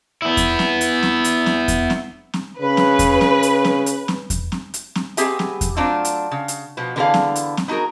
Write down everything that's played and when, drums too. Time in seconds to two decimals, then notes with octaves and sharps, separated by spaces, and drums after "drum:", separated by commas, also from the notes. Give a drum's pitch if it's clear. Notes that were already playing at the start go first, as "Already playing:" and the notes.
0.22 B3 E4
0.37 drum: kick E2, hi-hat
0.59 drum: snare
0.81 drum: hi-hat
1.03 drum: snare
1.24 drum: hi-hat
1.46 drum: snare
1.68 drum: kick E2, hi-hat
1.90 drum: snare
2.34 drum: snare
2.61 C#3 B4
2.77 drum: snare
2.99 drum: kick E2, hi-hat
3.21 drum: snare
3.43 drum: hi-hat
3.64 drum: snare
3.86 drum: hi-hat
4.08 drum: snare
4.30 drum: kick E2, hi-hat
4.52 drum: snare
4.74 drum: hi-hat
4.95 drum: snare
5.17 B3 C4 G4 G#4 E5 G#5, drum: hi-hat
5.39 drum: snare
5.61 drum: kick E2, hi-hat
5.77 F#3 A3 C4 D4 F4
6.05 drum: hi-hat
6.31 C#3
6.48 drum: hi-hat
6.77 B2 F3 B3
6.96 D3 E3 B3 C4 G#4 F5
7.14 drum: snare
7.36 drum: hi-hat
7.57 drum: snare
7.68 B3 D#4 F#4 G#4 A#4